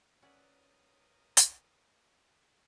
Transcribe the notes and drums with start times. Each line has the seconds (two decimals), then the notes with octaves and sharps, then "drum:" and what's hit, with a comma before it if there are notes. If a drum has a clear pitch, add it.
0.22 C#4 A#4 B4 C#5 D5 E5 F#5 D#6
1.37 drum: hi-hat